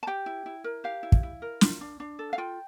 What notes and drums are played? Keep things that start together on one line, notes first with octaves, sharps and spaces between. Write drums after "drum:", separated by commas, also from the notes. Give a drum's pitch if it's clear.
A5
G4 G5
E4
E4
A#4
G4 F5
E4
drum: kick
E4
A#4
F4, drum: snare
D4
D4
A4
F5
F4 G5